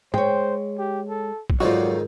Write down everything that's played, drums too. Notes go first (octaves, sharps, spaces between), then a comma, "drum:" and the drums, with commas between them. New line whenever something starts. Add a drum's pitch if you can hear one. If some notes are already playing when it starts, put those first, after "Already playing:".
G#3 C5 C#5 G5, drum: tom
G4
A4
drum: kick
F2 G#2 D#3 F#3 F4 F#4 D5